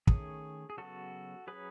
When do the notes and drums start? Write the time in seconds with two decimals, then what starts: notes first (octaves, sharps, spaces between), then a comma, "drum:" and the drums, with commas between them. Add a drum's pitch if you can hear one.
0.07 D#3 A3 C#4 G#4, drum: kick
0.70 G#4
0.77 C#3 F#3 B3 F#4 A4
1.47 F#3 C#4 G#4 B4